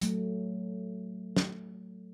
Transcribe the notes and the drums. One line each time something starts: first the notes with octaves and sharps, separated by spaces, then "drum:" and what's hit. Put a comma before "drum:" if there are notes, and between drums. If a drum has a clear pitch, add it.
F#3 A3, drum: hi-hat
drum: snare